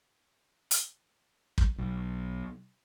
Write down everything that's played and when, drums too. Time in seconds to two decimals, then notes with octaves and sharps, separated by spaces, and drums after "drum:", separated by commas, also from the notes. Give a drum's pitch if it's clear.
0.71 drum: hi-hat
1.58 drum: kick
1.78 B1